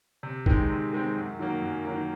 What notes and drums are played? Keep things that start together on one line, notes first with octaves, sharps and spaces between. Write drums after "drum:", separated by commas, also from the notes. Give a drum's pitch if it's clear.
C3
D#3 G#3 C4, drum: kick A#1
C3
D#3 G#3 C4
F#2
D#3 F#3 A#3
F#2
D#3 F#3 A#3